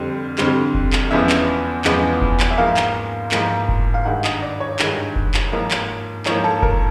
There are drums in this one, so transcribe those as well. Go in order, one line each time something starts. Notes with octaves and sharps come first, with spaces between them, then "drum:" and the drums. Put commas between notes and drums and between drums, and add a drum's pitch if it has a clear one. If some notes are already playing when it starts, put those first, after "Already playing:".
Already playing: F2 D3 G3 C4
F2 D3 G3 C4, drum: clap
drum: kick F1
drum: clap
E2 C#3 F3 G#3 B3 E5
drum: clap
E2 C#3 F3 G#3 B3, drum: clap
drum: kick F1
drum: clap
E5
G#2 F3 A#3 F5
drum: clap
G#2 F3 A#3, drum: clap
drum: kick F1
F5
G2 D#3 G#3 F#5
D#5, drum: clap
D5
C#5
G2 D#3 G#3, drum: clap
drum: kick F1
drum: clap
G#2 F3 A#3
drum: clap
G#2 F3 A#3 C#5, drum: clap
A4
A#4, drum: kick F1